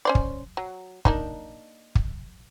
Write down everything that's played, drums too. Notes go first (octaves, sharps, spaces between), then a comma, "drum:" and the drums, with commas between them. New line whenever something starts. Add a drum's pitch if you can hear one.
C#4 C5 D5
drum: kick
F#3
A#3 D4 D#4, drum: kick
drum: kick